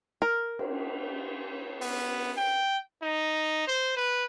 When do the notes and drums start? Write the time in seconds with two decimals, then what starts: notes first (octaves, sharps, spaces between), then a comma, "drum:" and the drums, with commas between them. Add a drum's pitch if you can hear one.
0.22 A#4
0.59 drum: cymbal
1.81 B3, drum: open hi-hat
2.37 G5
3.02 D#4
3.68 C5
3.97 B4